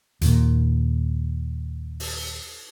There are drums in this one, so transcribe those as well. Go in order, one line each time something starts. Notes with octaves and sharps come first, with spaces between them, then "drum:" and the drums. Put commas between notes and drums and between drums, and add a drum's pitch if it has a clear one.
D#2 A#2, drum: hi-hat
drum: open hi-hat